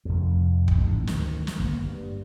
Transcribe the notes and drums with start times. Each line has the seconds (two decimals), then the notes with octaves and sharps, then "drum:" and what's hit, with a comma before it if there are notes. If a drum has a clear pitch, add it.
0.05 F1 F2
0.68 drum: kick
0.78 A1 G#2
1.07 D2 D#3, drum: snare
1.47 drum: snare
1.59 G1 A#3
1.83 G2